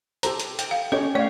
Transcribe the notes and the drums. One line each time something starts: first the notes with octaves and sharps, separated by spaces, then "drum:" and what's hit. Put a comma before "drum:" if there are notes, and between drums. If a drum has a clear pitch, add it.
G4 A4 C5 A#5, drum: hi-hat
drum: hi-hat
G5, drum: hi-hat
F5
C#4 G4 A4 C#5 D#5
A3 C#5 D5 F5